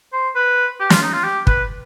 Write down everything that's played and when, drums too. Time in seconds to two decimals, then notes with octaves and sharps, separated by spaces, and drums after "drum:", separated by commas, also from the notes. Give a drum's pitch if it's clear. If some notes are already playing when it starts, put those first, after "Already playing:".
0.13 C5
0.35 B4
0.80 G4
0.90 F4, drum: snare
1.02 D#4
1.13 F4
1.24 G4
1.47 B4, drum: kick